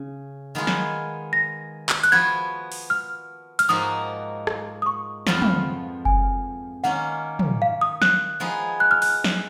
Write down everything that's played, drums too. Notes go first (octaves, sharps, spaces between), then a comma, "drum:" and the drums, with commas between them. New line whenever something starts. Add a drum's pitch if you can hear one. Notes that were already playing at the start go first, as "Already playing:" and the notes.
Already playing: C#3
D#3 G#3 B3 F4 G#4
drum: snare
A#6
drum: clap
F#6, drum: hi-hat
F3 B3 F#4 B4 G#6
drum: open hi-hat
F6
F6, drum: hi-hat
G#2 F3 A#3 D#4 F#4 D#6
drum: rim click
D#6
C#6
F2 F3 B3 F4, drum: snare
drum: tom
G#5, drum: kick F#1
D#3 A#3 C#4 F#5
drum: tom
F5
D#6
F#6, drum: snare
F3 B3 D#4 G#4
F#6
F6
F#6, drum: open hi-hat
drum: snare